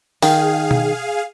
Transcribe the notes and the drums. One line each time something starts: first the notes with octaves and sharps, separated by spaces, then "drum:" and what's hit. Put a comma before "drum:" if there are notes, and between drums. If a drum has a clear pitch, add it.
D#3 G#4 F5, drum: open hi-hat
drum: tom B2